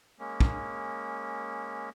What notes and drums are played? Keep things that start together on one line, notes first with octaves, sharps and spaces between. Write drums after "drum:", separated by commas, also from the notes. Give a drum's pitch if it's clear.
G#3 A#3 C#4
drum: kick